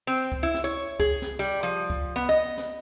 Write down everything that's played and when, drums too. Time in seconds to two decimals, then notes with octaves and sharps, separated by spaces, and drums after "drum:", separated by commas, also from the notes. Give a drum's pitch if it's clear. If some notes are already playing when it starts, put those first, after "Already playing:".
0.07 C4
0.32 drum: kick C#2
0.43 E4
0.54 drum: snare
0.64 C#5
1.00 G#4, drum: kick C#2
1.22 drum: snare
1.39 G3
1.63 F3
1.90 drum: kick C#2
2.16 B3
2.29 D#5
2.58 drum: snare